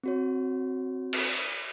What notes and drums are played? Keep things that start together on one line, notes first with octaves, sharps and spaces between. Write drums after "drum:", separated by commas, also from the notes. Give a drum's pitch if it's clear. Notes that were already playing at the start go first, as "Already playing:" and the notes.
C4 F#4 C#5
drum: cymbal